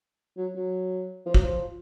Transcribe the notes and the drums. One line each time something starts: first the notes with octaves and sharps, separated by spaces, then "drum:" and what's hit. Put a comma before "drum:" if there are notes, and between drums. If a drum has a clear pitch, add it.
F#3
F#3
F3
F#3, drum: kick
F3